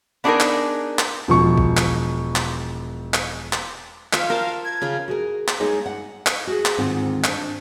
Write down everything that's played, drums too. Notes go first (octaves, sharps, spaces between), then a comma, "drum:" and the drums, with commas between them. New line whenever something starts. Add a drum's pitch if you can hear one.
B3 D4 D#4 F#4 G#4 A#4
drum: clap
drum: clap
E1 F3 C#6
drum: kick
drum: clap
drum: clap
drum: clap
drum: clap
F4 E5 F5, drum: clap
A#4 C5 A5
G#6
C#3 F4
F#4 G#4 A#4
drum: clap
G#3 A#3 D#4 G#4 C#5 D#5
F#5
drum: clap
F#4 G#4
drum: clap
D2 G#2 D#3 C4 F4 F#5
D4 C5, drum: clap